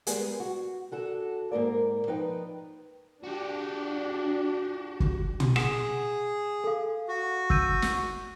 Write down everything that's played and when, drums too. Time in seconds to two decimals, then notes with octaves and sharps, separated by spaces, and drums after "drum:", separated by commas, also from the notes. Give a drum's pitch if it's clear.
0.07 G3 G#3 B3 G#4 A#4, drum: hi-hat
0.40 F#4
0.92 D4 F#4 A4
1.52 G#2 A#3 A#4 D5
2.07 F3 D#4 B4 G5
3.24 D4 F#4 G4
5.00 drum: kick
5.40 drum: tom
5.56 G#4 F#5 E7, drum: rim click
6.64 A4 F5
7.08 F#4
7.50 E6 G6 D#7, drum: kick
7.82 drum: snare